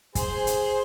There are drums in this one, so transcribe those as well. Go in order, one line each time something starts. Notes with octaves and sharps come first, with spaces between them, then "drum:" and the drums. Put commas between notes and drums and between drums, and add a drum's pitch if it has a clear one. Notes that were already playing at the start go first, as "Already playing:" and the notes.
G#4 C5, drum: kick, hi-hat
drum: hi-hat